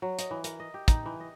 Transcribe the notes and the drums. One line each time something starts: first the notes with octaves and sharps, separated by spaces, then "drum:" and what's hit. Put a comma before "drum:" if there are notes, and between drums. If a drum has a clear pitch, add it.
F#3
D#5, drum: hi-hat
E3
A#4, drum: hi-hat
D#5
G4
D#4, drum: kick, hi-hat
E3
D#5